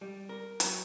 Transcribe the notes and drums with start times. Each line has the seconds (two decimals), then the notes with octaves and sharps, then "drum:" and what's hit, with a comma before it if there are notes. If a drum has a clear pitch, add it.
0.01 G3
0.29 A#4
0.60 F#3, drum: hi-hat